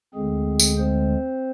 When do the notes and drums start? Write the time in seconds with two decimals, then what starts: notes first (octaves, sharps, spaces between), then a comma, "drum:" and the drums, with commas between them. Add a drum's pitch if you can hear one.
0.14 D2 D3 G#3 C4 G#4
0.60 drum: tambourine
0.77 C4 C5